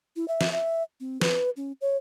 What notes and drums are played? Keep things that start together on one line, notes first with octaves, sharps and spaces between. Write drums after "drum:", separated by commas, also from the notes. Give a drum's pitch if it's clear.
E4
E5
drum: snare
E5
C4
B4, drum: snare
C#4
C#5